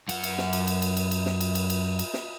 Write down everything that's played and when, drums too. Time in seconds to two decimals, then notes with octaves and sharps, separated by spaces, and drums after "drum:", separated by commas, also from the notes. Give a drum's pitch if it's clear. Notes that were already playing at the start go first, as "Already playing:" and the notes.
0.09 F#2 F#5, drum: cymbal
0.24 drum: cymbal
0.38 drum: snare
0.53 drum: cymbal
0.67 drum: cymbal
0.82 drum: cymbal
0.97 drum: cymbal
1.11 drum: cymbal
1.26 drum: snare
1.41 drum: cymbal
1.55 drum: cymbal
1.70 drum: cymbal
1.99 drum: cymbal
2.14 drum: snare